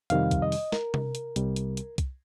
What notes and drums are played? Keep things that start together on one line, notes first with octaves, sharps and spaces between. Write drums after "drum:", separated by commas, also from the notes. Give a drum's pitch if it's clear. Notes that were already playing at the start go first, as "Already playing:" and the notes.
F2 C3 D#3 G3 F5, drum: hi-hat
drum: kick, hi-hat
D#5
drum: open hi-hat
A#4, drum: snare
drum: tom C3
drum: hi-hat
C2 C3 G3, drum: hi-hat
drum: hi-hat
drum: hi-hat
drum: kick, hi-hat